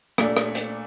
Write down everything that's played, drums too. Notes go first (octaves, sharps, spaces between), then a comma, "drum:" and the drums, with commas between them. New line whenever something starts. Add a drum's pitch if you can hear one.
A#2 A3 D4, drum: rim click
drum: rim click
drum: hi-hat